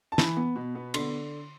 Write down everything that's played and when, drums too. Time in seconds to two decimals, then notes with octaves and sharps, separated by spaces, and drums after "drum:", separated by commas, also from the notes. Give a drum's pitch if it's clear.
0.12 A5
0.18 E3 B5, drum: snare
0.37 B3
0.56 B2
0.75 B3
0.94 D3 C6, drum: cymbal